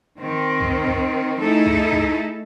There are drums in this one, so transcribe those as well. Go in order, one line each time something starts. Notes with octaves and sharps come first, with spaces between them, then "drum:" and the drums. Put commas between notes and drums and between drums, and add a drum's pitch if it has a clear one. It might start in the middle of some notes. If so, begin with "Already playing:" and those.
D#3 C4
drum: kick
drum: kick
A3 D#4 E4 G#4 A4
drum: kick
drum: kick